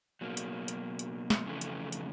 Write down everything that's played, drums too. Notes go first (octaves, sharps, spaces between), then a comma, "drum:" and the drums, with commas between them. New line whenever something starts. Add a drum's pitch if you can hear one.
B2 F#3 A#3
drum: hi-hat
drum: hi-hat
drum: hi-hat
drum: snare
F2 C#3 E3 A3
drum: hi-hat
drum: hi-hat